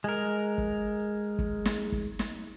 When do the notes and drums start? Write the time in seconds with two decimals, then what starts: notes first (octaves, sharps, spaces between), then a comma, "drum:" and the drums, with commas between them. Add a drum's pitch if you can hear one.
0.04 G#3 A#4
0.58 drum: kick
1.39 drum: kick
1.65 drum: snare
1.92 drum: kick
2.19 drum: snare